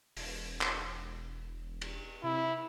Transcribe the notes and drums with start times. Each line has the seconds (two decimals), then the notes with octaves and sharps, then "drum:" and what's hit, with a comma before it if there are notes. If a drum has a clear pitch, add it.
0.17 E1, drum: open hi-hat
0.61 drum: clap
1.81 drum: cymbal
2.23 C3 E4